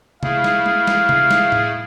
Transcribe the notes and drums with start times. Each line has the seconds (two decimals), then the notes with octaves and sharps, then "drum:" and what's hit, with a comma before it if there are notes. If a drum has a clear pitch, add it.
0.23 A3 E4 G#4 F5, drum: tom C3
0.44 drum: snare
0.66 drum: tom G3
0.87 drum: snare
1.09 drum: tom C3
1.31 drum: snare
1.52 drum: tom A2